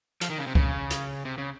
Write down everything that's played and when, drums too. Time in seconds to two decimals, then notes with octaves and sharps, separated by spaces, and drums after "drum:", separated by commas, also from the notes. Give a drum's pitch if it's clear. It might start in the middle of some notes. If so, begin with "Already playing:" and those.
0.21 F3, drum: hi-hat
0.30 D#3
0.38 C#3
0.47 C3
0.55 C#3, drum: kick C#2
0.91 drum: hi-hat
1.25 C3
1.38 C#3